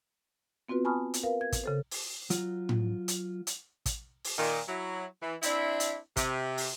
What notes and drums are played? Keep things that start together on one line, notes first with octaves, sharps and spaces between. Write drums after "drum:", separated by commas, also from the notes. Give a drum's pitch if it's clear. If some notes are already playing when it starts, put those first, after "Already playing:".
B3 C4 F4 F#4 B4
G#5 A5 B5 C#6 D#6 F6
drum: hi-hat
A#4 B4 F5
G#6
drum: kick, hi-hat
C#3 A4 C5
drum: open hi-hat
F#3 F4, drum: hi-hat
drum: tom A2
drum: hi-hat
drum: hi-hat
drum: kick, hi-hat
drum: open hi-hat
A#2 D#3
F#3 E4
E3
C4 D4 E4, drum: hi-hat
drum: hi-hat
C3, drum: kick, hi-hat
drum: open hi-hat